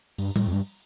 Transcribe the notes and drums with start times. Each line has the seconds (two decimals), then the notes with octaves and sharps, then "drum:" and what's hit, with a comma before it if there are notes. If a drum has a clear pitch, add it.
0.18 G2, drum: open hi-hat
0.36 A2, drum: tom G3
0.48 F2
0.53 G2